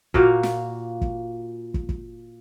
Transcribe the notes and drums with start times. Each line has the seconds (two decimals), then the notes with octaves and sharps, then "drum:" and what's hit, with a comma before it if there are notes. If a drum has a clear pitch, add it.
0.14 A#2 A#3 F#4 F5, drum: kick
0.43 drum: snare
1.01 drum: kick
1.74 drum: kick
1.89 drum: kick